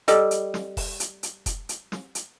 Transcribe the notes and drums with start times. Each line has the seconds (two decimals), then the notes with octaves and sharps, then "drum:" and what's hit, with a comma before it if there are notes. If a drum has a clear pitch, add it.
0.08 G3 A4 D#5, drum: hi-hat
0.31 drum: hi-hat
0.54 drum: snare
0.77 drum: kick F1, open hi-hat
1.00 drum: hi-hat
1.23 drum: hi-hat
1.46 drum: kick F1, hi-hat
1.69 drum: hi-hat
1.92 drum: snare
2.15 drum: hi-hat